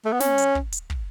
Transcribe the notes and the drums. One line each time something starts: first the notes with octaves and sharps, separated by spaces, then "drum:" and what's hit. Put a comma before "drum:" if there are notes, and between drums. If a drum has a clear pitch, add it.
A3
B3
C#4, drum: snare
drum: hi-hat
drum: kick
drum: hi-hat
drum: kick